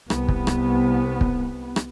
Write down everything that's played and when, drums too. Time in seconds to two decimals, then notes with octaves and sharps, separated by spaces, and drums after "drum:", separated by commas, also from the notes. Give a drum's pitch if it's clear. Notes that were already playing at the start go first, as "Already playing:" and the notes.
0.10 C2 B3, drum: rim click
0.29 drum: kick
0.47 drum: rim click
1.21 drum: kick
1.76 drum: rim click